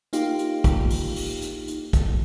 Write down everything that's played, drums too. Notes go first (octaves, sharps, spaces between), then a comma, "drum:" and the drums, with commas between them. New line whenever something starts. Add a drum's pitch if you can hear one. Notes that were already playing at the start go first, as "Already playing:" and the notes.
A#3 D#4 F4 G4, drum: hi-hat
drum: hi-hat
drum: kick, hi-hat
drum: open hi-hat
drum: open hi-hat
drum: hi-hat
drum: hi-hat
drum: kick, hi-hat